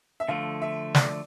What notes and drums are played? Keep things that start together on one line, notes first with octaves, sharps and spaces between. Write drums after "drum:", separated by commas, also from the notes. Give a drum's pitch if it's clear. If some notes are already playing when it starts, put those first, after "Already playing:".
E5
D3 F3 A3 F5
E5
D5, drum: snare